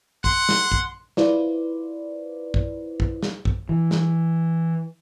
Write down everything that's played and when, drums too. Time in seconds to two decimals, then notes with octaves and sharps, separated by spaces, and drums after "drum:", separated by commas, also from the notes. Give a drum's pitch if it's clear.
0.24 F#5 C6, drum: kick
0.49 drum: snare
0.72 drum: kick
1.17 E4 F4 B4 C5 D5, drum: snare
2.54 drum: kick
3.00 drum: kick
3.23 drum: snare
3.45 drum: kick
3.69 E3
3.91 drum: snare